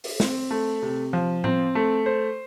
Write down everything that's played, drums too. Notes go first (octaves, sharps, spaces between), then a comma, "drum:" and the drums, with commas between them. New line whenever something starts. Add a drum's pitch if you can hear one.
drum: open hi-hat
C4, drum: snare
A3
C3
F3
C4, drum: tom A2
A3
C5